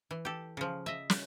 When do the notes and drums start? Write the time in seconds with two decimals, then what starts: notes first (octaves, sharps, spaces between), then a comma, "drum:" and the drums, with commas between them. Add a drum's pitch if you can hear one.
0.11 E3
0.25 G4 A4
0.57 C#3 F3
0.86 D#5 E5
1.10 drum: snare